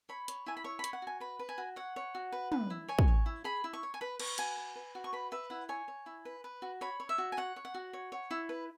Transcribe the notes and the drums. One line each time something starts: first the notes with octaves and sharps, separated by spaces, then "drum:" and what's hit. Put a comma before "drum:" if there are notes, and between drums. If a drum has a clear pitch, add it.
C#5 B5
C#5, drum: hi-hat
E4 G#5
B5
C#5 C#6
B5
C#5, drum: hi-hat
F#5
F#4 G#5
B4 B5
B4
G#5
F#4
C#5 F#5
C#5
F#4
B4
B4, drum: tom
E4
C#5 G#5
drum: kick
C#5
E4
G#4 B5
E4
C#6
C#5
G#5
B4 B5
B4 C#6, drum: cymbal
F#4 G#5, drum: hi-hat
B4
B4
F#4
C#6
B4 B5
B4 E5
E4 F#5
C#5 G#5
C#5
E4
B4
B4
F#4
C#5 B5
C#5
E5
F#4
G#5
C#5 F#5
C#5
F#5
F#4
C#5
C#5
E4
B4